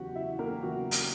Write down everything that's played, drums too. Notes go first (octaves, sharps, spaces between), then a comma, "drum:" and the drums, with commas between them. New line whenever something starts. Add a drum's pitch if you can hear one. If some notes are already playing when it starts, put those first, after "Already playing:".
Already playing: E2 C#3 F#3 B3 F#4 G4 F#5
E4 E5
A#3 A#4
E2 C#3 F#3 B3 F#4
drum: hi-hat